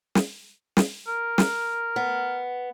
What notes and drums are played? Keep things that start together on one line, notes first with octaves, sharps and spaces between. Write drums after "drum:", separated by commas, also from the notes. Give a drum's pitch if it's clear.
drum: snare
drum: snare
A#4
drum: snare
B3